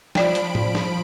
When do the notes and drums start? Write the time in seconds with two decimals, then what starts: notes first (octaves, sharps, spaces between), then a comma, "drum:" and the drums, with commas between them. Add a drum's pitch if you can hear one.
0.15 F3 F4 D5 G5 B5 D7, drum: snare
0.35 drum: hi-hat
0.55 drum: tom A2
0.75 drum: snare